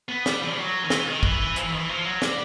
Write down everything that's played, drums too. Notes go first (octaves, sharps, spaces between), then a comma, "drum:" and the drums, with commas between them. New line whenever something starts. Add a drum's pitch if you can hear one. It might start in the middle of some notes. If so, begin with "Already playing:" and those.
B3
G3, drum: snare
E3
F3
F#3
D#3
E3, drum: snare
D#3
E3, drum: kick
F3, drum: hi-hat
E3
D#3
E3
F3
F#3
G3, drum: snare